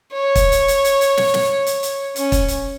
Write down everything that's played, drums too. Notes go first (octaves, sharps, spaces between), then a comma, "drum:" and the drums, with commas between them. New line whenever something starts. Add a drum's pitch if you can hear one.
C#5
drum: kick, hi-hat
drum: hi-hat
drum: hi-hat
drum: hi-hat
drum: hi-hat
drum: snare
drum: snare
drum: hi-hat
drum: hi-hat
C#4, drum: hi-hat
drum: kick, hi-hat
drum: hi-hat